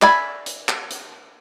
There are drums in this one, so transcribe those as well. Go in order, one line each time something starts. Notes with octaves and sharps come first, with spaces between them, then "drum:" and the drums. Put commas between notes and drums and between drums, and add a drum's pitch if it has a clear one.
D5 E5 G#5 B5, drum: clap
drum: hi-hat
drum: clap
drum: hi-hat